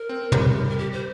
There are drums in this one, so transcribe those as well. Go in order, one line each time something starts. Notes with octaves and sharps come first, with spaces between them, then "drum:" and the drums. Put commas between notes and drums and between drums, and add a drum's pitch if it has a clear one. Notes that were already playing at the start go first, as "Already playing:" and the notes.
Already playing: A#4
C4
G3, drum: tom
A#4
G4
C5